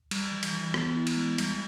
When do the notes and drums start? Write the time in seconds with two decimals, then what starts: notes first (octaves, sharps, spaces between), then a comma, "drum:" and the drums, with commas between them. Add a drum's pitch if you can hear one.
0.11 G3, drum: cymbal
0.32 E3
0.43 drum: cymbal
0.53 E3
0.74 B3, drum: rim click
0.96 E4
1.07 drum: cymbal
1.17 G#3
1.38 G3, drum: cymbal